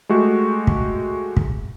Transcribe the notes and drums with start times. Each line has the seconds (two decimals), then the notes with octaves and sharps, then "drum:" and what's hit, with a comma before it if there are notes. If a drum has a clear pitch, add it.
0.09 G#3 A3 F#4 G4
0.67 drum: kick
1.37 drum: kick